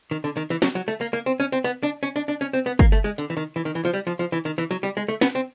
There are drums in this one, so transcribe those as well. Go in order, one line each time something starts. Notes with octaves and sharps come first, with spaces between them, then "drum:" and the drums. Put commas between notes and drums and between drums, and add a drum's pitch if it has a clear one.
D#3
D3
D#3
E3
F#3, drum: snare
F#3
A3
A#3, drum: tambourine
A#3
C4
C#4
C4
B3
D4
C#4
D4
D4
C#4
C4
B3
A#3, drum: kick
A3
G#3
D3, drum: hi-hat
E3
D#3
E3
D#3
E3
F3
G3
F3
F3
E3
D#3
E3
F#3
G3
G#3
A3
B3, drum: snare
C4